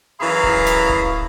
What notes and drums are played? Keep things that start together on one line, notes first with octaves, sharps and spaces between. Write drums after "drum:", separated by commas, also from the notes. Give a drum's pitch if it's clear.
F#2 E3 G#4 F5 A#5 B5
drum: kick D1
drum: snare
drum: kick D1